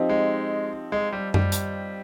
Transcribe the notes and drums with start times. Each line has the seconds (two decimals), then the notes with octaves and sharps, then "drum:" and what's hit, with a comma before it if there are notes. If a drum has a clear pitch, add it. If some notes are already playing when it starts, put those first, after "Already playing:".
Already playing: F3 C4 D#4 G4
0.09 G#3
0.92 G#3
1.12 G3
1.34 G3, drum: tom F#2
1.52 drum: hi-hat